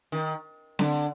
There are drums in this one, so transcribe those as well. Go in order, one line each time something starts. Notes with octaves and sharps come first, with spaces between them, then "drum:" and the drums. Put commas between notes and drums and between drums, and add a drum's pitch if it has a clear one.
D#3
D3, drum: snare C4